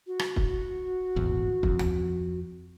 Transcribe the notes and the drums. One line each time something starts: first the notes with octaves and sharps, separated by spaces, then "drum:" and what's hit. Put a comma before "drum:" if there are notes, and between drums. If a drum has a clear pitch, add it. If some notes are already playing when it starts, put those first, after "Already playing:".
F#4
drum: rim click
drum: kick
D#1 G#1 E2
F2, drum: kick
drum: tom D2